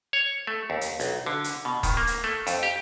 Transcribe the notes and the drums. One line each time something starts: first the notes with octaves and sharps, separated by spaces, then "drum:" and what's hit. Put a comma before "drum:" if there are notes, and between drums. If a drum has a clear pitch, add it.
C#5
A3
D#2
drum: hi-hat
B1, drum: hi-hat
D3
drum: hi-hat
B2
D#3, drum: kick, hi-hat
A#3
drum: hi-hat
A3
F2, drum: hi-hat
G4